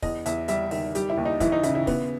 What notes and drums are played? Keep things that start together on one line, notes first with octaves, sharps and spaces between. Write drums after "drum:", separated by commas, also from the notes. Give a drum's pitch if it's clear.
E2 D#5, drum: kick, open hi-hat
E2 E5, drum: hi-hat
G3 E5, drum: hi-hat
D#3 E5, drum: open hi-hat
G3 G4, drum: hi-hat
E4
D#2
D#4
E3 E4, drum: kick, hi-hat
D#4
C#3 E4, drum: hi-hat
E4
B3, drum: kick, open hi-hat